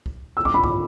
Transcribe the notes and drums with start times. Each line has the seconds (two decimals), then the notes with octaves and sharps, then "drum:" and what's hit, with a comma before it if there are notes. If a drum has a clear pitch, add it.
0.06 drum: kick
0.37 E6
0.45 D6, drum: kick
0.54 B5
0.64 D6, drum: kick